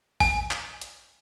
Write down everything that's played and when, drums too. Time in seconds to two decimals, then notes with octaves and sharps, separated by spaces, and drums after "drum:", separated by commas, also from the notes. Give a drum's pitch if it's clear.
0.20 G#5, drum: kick G#1, open hi-hat
0.51 drum: clap
0.81 drum: hi-hat